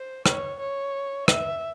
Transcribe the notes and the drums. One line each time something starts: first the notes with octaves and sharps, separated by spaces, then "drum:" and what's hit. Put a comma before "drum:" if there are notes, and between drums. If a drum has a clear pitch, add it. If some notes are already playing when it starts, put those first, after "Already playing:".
Already playing: C5
C#5, drum: rim click
C#5
E5, drum: rim click